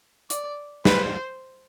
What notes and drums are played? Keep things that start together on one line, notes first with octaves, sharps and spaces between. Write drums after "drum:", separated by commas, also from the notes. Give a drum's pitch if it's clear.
D5, drum: hi-hat
B4 C5, drum: snare